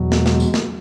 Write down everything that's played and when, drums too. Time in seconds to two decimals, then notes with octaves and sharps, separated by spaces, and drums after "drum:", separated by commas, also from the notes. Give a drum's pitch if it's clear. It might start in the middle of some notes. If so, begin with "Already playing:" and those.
Already playing: E2 B2 F#3
0.12 G#3, drum: snare
0.26 drum: snare
0.40 drum: tambourine
0.54 drum: snare